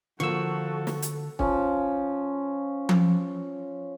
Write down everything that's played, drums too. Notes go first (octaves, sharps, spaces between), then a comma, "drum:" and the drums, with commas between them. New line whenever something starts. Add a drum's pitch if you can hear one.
D3 F3 A#3 F#4 A4 C#6 E6
drum: snare
drum: hi-hat
F3 C#4, drum: kick
drum: tom F3